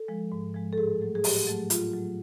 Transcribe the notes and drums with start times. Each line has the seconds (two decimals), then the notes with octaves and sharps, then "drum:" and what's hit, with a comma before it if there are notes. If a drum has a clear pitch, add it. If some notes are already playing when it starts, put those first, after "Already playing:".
Already playing: A4
0.08 F3 G#3
0.32 G#2
0.54 F3 G#3
0.73 A4
0.78 A2 G#4
1.01 F#3 A3
1.15 G#4
1.24 A2 G4, drum: open hi-hat
1.47 F#3 A3
1.70 A2 F4, drum: hi-hat
1.93 F#3 A3